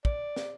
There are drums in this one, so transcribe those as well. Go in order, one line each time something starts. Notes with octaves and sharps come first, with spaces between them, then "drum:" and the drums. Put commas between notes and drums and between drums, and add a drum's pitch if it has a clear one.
D5, drum: kick
drum: snare